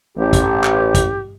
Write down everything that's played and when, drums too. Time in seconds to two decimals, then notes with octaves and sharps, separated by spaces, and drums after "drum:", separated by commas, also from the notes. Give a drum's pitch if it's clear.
0.17 A1 G4
0.33 drum: kick, hi-hat
0.64 drum: clap
0.94 drum: kick, hi-hat